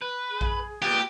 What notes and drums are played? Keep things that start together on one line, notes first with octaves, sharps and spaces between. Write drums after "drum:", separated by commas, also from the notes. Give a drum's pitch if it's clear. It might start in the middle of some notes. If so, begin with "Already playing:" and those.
B4
G#4
drum: kick A#1
A#2 B3 G4